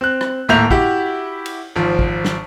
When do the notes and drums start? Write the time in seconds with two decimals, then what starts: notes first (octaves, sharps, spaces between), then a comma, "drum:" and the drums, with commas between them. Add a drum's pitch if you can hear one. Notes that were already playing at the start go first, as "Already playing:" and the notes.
0.01 C4 F#6
0.21 drum: rim click
0.49 D#1 A2 A#3 E5 G6 F7
0.71 E4 F#4 G4, drum: kick
1.46 drum: cymbal
1.76 G#1 F3
1.99 drum: kick
2.25 drum: snare